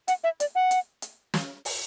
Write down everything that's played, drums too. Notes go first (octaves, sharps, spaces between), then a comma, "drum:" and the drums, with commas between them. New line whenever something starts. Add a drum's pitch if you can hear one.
F#5, drum: hi-hat
E5
D5, drum: hi-hat
F#5
drum: hi-hat
drum: hi-hat
drum: snare
drum: open hi-hat